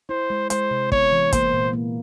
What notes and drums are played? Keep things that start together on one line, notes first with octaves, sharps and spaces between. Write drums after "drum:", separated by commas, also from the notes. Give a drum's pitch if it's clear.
E4 C5
G#3
G#3 C5, drum: hi-hat
C3
B3 C#5, drum: kick
E3
A#3 C5, drum: kick, hi-hat
A#2
A#3